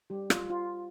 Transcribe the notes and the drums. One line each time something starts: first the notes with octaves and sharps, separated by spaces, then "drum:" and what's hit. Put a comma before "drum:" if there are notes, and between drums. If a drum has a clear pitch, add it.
G3 G4
F4, drum: rim click
F4